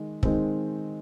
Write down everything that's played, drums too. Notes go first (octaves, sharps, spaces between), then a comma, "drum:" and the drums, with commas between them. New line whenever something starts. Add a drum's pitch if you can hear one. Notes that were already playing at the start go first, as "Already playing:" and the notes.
Already playing: D#3 G#3
D#3 G#3 C4, drum: kick